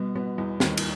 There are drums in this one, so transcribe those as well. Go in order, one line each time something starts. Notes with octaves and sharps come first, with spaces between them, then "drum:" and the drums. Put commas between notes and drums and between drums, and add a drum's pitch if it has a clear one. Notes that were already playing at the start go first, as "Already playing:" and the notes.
Already playing: B2 G3 B3
B2 G3 B3
E2 E3 G3
D#2 D#3 G3, drum: snare
drum: cymbal